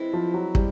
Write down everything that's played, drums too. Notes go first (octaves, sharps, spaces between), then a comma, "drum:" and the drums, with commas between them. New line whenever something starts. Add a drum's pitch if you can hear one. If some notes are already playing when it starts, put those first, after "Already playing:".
Already playing: E3 G#3 C4 E4
F3
F#3
G3, drum: kick